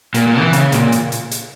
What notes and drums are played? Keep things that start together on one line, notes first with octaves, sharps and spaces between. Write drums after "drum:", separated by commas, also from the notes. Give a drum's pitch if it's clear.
A#2, drum: hi-hat
A#2
E3
C#3, drum: hi-hat
A#2, drum: hi-hat
drum: hi-hat
drum: hi-hat
drum: hi-hat